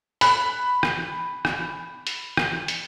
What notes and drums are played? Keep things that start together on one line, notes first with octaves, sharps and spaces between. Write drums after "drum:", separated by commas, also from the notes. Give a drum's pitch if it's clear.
B5 F#6, drum: hi-hat
drum: rim click
drum: rim click
drum: hi-hat
drum: rim click
drum: hi-hat